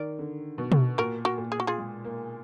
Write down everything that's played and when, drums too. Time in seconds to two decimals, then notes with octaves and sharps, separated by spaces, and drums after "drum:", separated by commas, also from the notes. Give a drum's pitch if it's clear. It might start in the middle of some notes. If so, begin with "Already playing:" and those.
Already playing: D#3 A#4 D5
0.19 D3
0.58 B2
0.72 drum: tom B2
0.98 A#2 F#4 A#4
1.25 F#4 A#4
1.38 A#2
1.52 G#4
1.60 F#4
1.67 F4 G#4
1.78 G#3
2.05 A#3